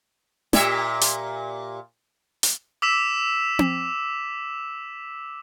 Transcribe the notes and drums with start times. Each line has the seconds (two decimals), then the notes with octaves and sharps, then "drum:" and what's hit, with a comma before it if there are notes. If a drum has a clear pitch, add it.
0.53 A#2 G4 E5, drum: snare
1.01 drum: hi-hat
2.43 drum: hi-hat
2.82 D6 E6 B6 E7
3.59 drum: tom C4